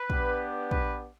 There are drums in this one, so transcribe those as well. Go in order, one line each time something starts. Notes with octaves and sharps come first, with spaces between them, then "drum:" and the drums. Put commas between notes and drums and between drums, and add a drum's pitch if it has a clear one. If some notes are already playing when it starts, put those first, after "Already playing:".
Already playing: B4
B3 D4 G4, drum: kick
B4, drum: kick